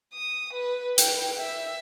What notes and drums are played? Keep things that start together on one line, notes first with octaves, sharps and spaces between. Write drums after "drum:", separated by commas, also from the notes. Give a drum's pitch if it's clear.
D#6
B4
G5, drum: hi-hat
E5